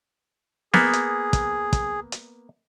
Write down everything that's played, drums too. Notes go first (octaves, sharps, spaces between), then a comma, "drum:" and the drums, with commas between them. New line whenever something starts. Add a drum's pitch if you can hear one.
A#3 B3 G#4, drum: snare B3
drum: hi-hat
drum: kick, hi-hat
drum: kick, hi-hat
drum: hi-hat